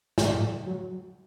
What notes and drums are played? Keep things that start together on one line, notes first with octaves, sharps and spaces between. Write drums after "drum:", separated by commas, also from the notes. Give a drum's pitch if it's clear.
G#2, drum: snare
A2
F#3